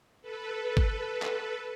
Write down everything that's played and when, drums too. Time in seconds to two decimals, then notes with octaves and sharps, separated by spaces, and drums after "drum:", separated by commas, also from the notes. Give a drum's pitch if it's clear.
0.21 A4 B4
0.77 drum: kick G1
1.22 drum: clap